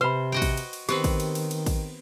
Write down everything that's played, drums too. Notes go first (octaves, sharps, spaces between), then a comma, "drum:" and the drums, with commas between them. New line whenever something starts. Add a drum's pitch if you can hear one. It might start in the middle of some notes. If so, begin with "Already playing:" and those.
C3 B4 C5 B5
F#4 D#5 G5
drum: kick, cymbal
drum: cymbal
drum: cymbal
D#3 B3 C4 G4 B4, drum: cymbal
drum: kick, cymbal
drum: cymbal
drum: cymbal
drum: cymbal
drum: kick, cymbal